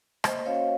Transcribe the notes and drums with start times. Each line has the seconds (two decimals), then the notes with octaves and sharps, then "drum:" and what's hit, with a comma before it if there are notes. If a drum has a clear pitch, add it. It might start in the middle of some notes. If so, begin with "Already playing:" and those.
0.24 A#3 C5 D#5, drum: rim click
0.46 C#4 F#4 C#5 F5